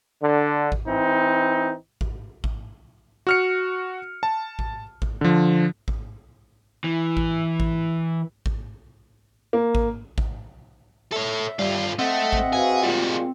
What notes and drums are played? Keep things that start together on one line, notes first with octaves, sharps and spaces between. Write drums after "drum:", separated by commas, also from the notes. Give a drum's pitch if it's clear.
D3
drum: kick A1
E3 C4 D#4
drum: kick A1
drum: kick A1
F#4 F6 C#7
A5
drum: kick A1
drum: kick A1
D3 F3
drum: kick A1
E3
drum: kick A1
drum: kick A1
drum: kick A1
A#3
drum: kick A1
drum: kick A1
A4 C#5 E5
G2 G3 F4
A3 C4 D#5 E5 F#5
drum: kick A1
F#4 G#4 B4 F5
A#2 G3 G#3 F4 F#4